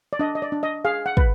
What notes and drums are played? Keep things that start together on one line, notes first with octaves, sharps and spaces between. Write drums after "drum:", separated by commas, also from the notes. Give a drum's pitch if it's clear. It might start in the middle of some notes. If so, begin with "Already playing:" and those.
D5
D4 D#5
D#5
D5
D4
D#5
G#4 F5
F#5
B4, drum: kick